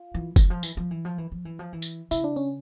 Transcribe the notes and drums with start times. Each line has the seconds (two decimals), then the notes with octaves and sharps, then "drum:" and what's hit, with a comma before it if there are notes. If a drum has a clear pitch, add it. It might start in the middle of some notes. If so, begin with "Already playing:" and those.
Already playing: F4
0.14 E3
0.36 E3, drum: kick, tambourine
0.50 F3
0.63 E3, drum: tambourine
0.77 F3
0.91 E3
1.05 F3
1.18 E3
1.32 F3
1.45 E3
1.59 F3
1.73 E3
1.82 drum: tambourine
2.11 C#3 E4, drum: tambourine
2.24 D4
2.36 C#4